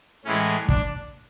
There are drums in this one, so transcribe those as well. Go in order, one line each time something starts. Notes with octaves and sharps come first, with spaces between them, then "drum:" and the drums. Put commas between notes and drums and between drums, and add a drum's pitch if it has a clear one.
A2 E3 G#3 C#4
D4, drum: kick